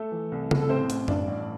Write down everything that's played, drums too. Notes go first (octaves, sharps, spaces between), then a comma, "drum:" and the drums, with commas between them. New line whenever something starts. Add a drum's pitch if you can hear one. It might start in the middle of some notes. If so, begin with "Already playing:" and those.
Already playing: A3 A4
E3
C2
C2, drum: tom C#3
A4
A1 C4 C5
A1, drum: hi-hat
G2 D4 D5, drum: tom F#2
A1